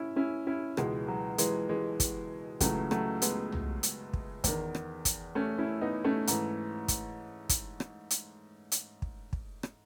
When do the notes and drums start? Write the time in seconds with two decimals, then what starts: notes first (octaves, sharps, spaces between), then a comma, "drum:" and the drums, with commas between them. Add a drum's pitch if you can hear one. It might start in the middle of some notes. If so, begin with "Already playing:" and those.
Already playing: C#4 E4
0.16 C#4 E4
0.47 C#4 E4
0.77 C#2 B2 E3 G#3, drum: rim click
1.08 F#3
1.38 E3 G#3, drum: hi-hat
1.69 E3 G#3
2.00 drum: kick, hi-hat
2.60 C#2 C#3 E3 F#3 A3, drum: kick, hi-hat
2.91 F#3 A3, drum: rim click
3.22 G#3 B3, drum: hi-hat
3.52 drum: tom C2
3.83 drum: hi-hat
4.13 drum: kick
4.44 E2 D#3, drum: kick, hi-hat
4.75 drum: rim click
5.05 drum: kick, hi-hat
5.35 A3 C#4
5.58 C#4 E4
5.81 B3 D#4
6.04 A3 C#4
6.27 G#2 E3, drum: hi-hat
6.88 drum: kick, hi-hat
7.49 drum: kick, hi-hat
7.80 drum: rim click
8.10 drum: hi-hat
8.72 drum: hi-hat
9.02 drum: kick
9.33 drum: kick
9.63 drum: rim click